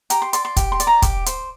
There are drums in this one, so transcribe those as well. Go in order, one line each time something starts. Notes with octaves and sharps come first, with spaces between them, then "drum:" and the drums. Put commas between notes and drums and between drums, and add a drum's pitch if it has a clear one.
G4 A#5, drum: hi-hat
C6
D5 C6, drum: hi-hat
C6
G4, drum: kick, hi-hat
C6
D5, drum: hi-hat
A#5
G4 D6, drum: kick, hi-hat
C5, drum: hi-hat